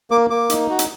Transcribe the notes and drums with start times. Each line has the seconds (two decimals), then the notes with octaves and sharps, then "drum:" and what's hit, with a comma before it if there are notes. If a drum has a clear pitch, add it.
0.11 A#3 D6
0.30 A#3 D6
0.50 D#4, drum: hi-hat
0.70 F#4
0.79 drum: hi-hat